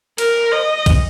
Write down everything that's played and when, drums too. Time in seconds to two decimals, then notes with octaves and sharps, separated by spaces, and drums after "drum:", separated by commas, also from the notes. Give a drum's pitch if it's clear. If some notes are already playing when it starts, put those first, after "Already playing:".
0.18 A#4, drum: cymbal
0.52 D#5
0.86 drum: kick A#1, cymbal